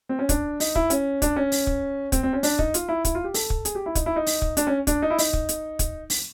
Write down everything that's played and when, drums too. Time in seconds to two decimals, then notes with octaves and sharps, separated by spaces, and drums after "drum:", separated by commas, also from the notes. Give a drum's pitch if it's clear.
0.09 C4
0.19 C#4
0.29 D4, drum: kick, hi-hat
0.60 D#4, drum: open hi-hat
0.75 E4, drum: kick
0.90 C#4, drum: hi-hat
1.22 D4, drum: kick, hi-hat
1.36 C#4
1.52 drum: open hi-hat
1.67 drum: kick
2.12 C4, drum: kick, hi-hat
2.23 C4
2.33 C#4
2.43 D4, drum: open hi-hat
2.59 D#4, drum: kick
2.74 F4, drum: hi-hat
2.89 E4
3.05 E4, drum: kick, hi-hat
3.15 F4
3.24 G4
3.34 A4, drum: open hi-hat
3.50 drum: kick
3.65 G#4, drum: hi-hat
3.75 G4
3.86 E4
3.95 D#4, drum: kick, hi-hat
4.06 E4
4.16 D#4
4.27 drum: open hi-hat
4.42 drum: kick
4.57 D4, drum: hi-hat
4.67 C#4
4.87 D4, drum: kick, hi-hat
5.02 D#4
5.10 E4
5.18 D#4, drum: open hi-hat
5.33 drum: kick
5.49 drum: hi-hat
5.79 drum: kick, hi-hat
6.10 drum: open hi-hat